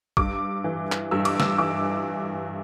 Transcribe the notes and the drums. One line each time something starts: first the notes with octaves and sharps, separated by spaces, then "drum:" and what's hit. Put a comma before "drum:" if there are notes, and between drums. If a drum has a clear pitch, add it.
G2 D6, drum: kick A#1
E3
drum: clap
G2 E6
D6, drum: cymbal
E6, drum: snare
E3 D6